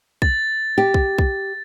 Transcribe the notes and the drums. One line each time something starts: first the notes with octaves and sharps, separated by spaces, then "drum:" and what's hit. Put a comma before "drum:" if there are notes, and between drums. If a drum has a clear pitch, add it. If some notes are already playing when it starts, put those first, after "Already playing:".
A6, drum: kick
G4
drum: kick
drum: kick